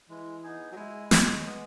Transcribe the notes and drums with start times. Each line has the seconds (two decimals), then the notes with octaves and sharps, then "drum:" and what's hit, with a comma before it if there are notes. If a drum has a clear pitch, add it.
0.09 E3 G#3
0.43 B3 D#4 G#4
0.72 F#3
0.77 G#3 E4
1.11 G#4 C#5, drum: snare
1.45 B3